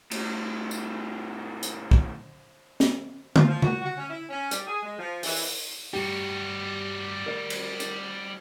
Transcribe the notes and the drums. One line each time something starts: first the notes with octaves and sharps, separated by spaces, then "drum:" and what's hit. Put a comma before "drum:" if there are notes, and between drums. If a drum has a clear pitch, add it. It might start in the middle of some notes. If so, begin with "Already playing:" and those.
A2 G3, drum: cymbal
drum: tambourine
drum: hi-hat
drum: kick
drum: snare
F4, drum: tom D3
F3
F#4, drum: tom C#3
F#4
C#4
E4
C#4
G3, drum: hi-hat
G#4
G#3
F3
E3, drum: open hi-hat
G2 G3 F#4 G4
A#4 D5
drum: cymbal
drum: hi-hat